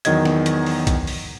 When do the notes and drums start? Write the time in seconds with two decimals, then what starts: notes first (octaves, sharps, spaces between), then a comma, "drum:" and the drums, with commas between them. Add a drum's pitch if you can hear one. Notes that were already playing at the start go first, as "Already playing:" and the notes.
0.05 E2 D#3 F#3 D#5 G#6, drum: hi-hat
0.25 drum: snare
0.46 drum: hi-hat
0.66 drum: open hi-hat
0.87 drum: kick, hi-hat
1.07 drum: open hi-hat